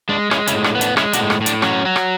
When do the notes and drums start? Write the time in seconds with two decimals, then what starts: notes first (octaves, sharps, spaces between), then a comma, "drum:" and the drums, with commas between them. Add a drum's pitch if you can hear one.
0.09 G#3 D4
0.31 G#3 C#4 E4, drum: rim click
0.47 C#4 E4, drum: hi-hat
0.53 A2
0.64 D4, drum: rim click
0.75 B3
0.81 D4, drum: hi-hat
0.97 G#3 C#4 E4, drum: rim click
1.13 D4 F#4, drum: hi-hat
1.19 A2
1.30 drum: rim click
1.41 A2
1.46 D4, drum: hi-hat
1.62 F#3 C#4, drum: rim click
1.85 F#3
1.96 drum: rim click